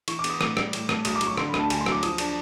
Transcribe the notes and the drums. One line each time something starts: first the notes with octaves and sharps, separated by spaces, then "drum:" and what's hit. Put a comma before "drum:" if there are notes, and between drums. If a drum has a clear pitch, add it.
E3 C#6, drum: cymbal
D6
B3, drum: cymbal
D#6
A2 D6, drum: rim click
G3, drum: rim click
A2, drum: cymbal
A3, drum: rim click
B1 D#6, drum: cymbal
D6
F#3, drum: cymbal
C#6
D3 C6, drum: rim click
B5
D2 A5, drum: rim click
D2 G#5, drum: cymbal
C6
F#3, drum: rim click
D6
F3 D#6, drum: cymbal
D4, drum: cymbal